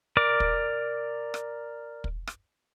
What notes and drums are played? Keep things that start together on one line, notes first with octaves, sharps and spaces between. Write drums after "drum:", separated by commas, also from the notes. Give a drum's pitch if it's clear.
A#4 D5 D6
drum: kick
drum: rim click
drum: kick
drum: rim click